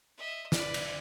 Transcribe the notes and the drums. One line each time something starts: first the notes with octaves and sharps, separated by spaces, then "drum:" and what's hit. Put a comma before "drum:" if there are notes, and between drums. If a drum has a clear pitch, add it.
D#5 E5
B4 D5, drum: snare
drum: cymbal